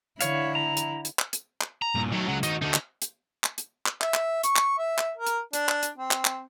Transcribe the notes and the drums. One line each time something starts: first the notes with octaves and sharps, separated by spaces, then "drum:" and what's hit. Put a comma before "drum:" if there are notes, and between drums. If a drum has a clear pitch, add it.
D3 E4 C#5 F5, drum: hi-hat
A#5
drum: hi-hat
drum: hi-hat
drum: clap
drum: hi-hat
drum: clap
A#5
G2 A#2
D#3 F#3 A3
C#3 F#3 G#3
D#3 D#4 F#4, drum: hi-hat
D3 A3 D#4 F#4
drum: clap
drum: hi-hat
drum: clap
drum: hi-hat
drum: clap
E5, drum: clap
drum: clap
C#6, drum: hi-hat
drum: clap
E5
drum: clap
A#4
drum: hi-hat
D4, drum: hi-hat
drum: clap
drum: hi-hat
C4
drum: clap
drum: clap